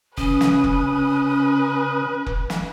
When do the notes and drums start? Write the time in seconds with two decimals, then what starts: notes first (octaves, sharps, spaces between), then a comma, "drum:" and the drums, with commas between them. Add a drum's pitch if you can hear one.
0.17 C#3 C#4 B4 D#6, drum: kick F1
0.41 drum: snare
0.64 drum: kick F1
2.26 drum: kick F1
2.50 drum: snare